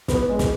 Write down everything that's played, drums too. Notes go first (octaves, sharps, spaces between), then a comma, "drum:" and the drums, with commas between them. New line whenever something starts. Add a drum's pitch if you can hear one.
B3, drum: snare
G#3
drum: snare